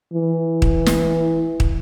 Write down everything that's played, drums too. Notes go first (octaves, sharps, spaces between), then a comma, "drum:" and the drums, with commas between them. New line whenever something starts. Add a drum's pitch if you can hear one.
E3
drum: kick
drum: snare
drum: kick